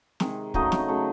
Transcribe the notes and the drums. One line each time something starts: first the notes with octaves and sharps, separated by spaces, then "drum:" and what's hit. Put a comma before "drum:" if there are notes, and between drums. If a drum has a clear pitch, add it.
C3 D#3 G#3, drum: snare
C#3 F#3 A3 D#4 D#5, drum: kick
drum: snare
C#3 F#3 A3